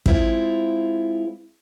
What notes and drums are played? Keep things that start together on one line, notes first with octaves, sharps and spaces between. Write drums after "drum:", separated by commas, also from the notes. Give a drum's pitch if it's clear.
G#3 C4 E4 F4, drum: kick